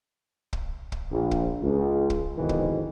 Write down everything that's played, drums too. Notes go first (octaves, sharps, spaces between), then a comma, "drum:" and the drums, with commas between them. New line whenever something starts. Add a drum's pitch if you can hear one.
drum: kick
drum: kick
A#1
drum: kick
C#2
drum: kick
F2 G#2 B2 D#3 E3
drum: kick